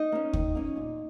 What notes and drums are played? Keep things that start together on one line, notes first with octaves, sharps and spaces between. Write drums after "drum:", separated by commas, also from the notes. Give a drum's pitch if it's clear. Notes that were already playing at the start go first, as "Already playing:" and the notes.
Already playing: D#4 D#5
A#3 C#4
D#3, drum: kick
A#3 C#4
A#2